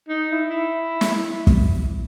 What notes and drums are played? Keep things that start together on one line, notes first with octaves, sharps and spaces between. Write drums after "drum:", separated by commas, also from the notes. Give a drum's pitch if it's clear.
D#4
E4
E4
drum: snare
drum: kick